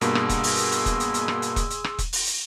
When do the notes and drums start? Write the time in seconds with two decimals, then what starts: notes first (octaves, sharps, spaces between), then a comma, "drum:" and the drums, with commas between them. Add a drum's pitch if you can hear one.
0.01 G2 B2 A#3 G#4 C6 E6, drum: hi-hat
0.15 drum: rim click
0.29 drum: kick E1, hi-hat
0.43 drum: open hi-hat
0.58 drum: hi-hat
0.72 drum: hi-hat
0.86 drum: kick E1, hi-hat
1.00 drum: hi-hat
1.14 drum: hi-hat
1.28 drum: rim click
1.42 drum: hi-hat
1.56 drum: kick E1, hi-hat
1.70 drum: hi-hat
1.84 drum: rim click
1.99 drum: kick E1, hi-hat
2.13 drum: open hi-hat
2.27 drum: hi-hat